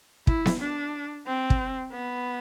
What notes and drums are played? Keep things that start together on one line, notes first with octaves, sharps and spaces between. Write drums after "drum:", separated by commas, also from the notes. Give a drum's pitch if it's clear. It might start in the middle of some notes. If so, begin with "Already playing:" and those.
E4, drum: kick
drum: snare B3
D4
C4
drum: kick
B3